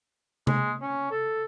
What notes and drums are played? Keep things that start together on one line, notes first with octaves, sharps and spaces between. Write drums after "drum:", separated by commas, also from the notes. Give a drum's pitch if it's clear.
G#3, drum: tom C3
C#4
A4